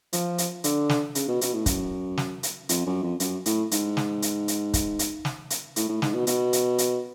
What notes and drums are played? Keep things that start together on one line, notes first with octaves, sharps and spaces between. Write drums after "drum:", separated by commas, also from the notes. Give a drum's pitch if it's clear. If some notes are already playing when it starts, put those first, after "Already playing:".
F3, drum: hi-hat
drum: hi-hat
D3, drum: hi-hat
drum: snare
C#3, drum: hi-hat
B2
B2, drum: hi-hat
A2
F#2, drum: kick, hi-hat
drum: snare
drum: hi-hat
F2, drum: hi-hat
F#2
F2
F#2, drum: hi-hat
A2, drum: hi-hat
G#2, drum: hi-hat
drum: snare
drum: hi-hat
drum: hi-hat
drum: kick, hi-hat
drum: hi-hat
drum: snare
drum: hi-hat
A2, drum: hi-hat
A2
G#2, drum: snare
B2
B2, drum: hi-hat
drum: hi-hat
drum: hi-hat